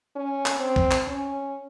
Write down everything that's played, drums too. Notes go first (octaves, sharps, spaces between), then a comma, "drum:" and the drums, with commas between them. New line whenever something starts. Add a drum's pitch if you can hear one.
C#4
drum: clap
C4
drum: kick
drum: clap
C#4